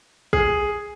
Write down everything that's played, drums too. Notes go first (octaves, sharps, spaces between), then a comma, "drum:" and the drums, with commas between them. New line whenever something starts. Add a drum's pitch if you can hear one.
G#4, drum: kick